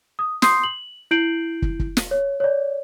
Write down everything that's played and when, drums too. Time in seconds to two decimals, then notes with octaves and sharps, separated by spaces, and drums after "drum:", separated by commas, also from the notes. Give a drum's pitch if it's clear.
0.19 D#6
0.42 C6 D#6 G6 C7, drum: snare
0.63 F#7
1.11 E4 G6 C7 D7 F#7
1.62 drum: kick
1.79 drum: kick
1.97 drum: snare
2.11 C#5
2.40 C#5 D5